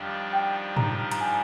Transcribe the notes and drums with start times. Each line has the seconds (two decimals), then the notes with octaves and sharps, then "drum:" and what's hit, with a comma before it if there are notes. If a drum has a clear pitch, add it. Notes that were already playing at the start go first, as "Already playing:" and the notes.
Already playing: F2 D#3 G3 D4 F4 F5 G5
0.33 G5
0.77 A#5, drum: tom G2
1.11 A#5, drum: hi-hat
1.21 G#5